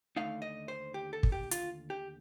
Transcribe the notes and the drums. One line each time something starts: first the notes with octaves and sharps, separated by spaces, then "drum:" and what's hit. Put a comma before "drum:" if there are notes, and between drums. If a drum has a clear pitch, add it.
D#2 D3 A3 D#4 F5
D#5
C5
G4
A4
drum: kick
G4
F4, drum: hi-hat
G4